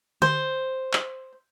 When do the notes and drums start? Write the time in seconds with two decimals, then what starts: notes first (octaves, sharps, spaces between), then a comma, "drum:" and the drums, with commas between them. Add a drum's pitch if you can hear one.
0.22 C5, drum: tom D3
0.93 drum: clap